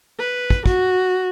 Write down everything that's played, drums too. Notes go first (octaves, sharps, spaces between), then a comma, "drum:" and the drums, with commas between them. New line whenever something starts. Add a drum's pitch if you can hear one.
B4
drum: kick
F#4, drum: kick